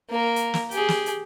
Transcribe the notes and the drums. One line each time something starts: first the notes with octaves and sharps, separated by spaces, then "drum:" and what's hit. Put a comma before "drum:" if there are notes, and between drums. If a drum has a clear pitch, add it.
A#3 A#4
drum: hi-hat
drum: snare
G4 G#4, drum: hi-hat
drum: snare
drum: hi-hat